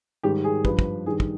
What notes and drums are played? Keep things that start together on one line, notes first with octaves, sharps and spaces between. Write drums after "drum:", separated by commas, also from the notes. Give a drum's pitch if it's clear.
G#2 D#3 G3 G4
G#4
G2 F3 B4, drum: kick
drum: kick
G2 D#3 G3 G#4
drum: kick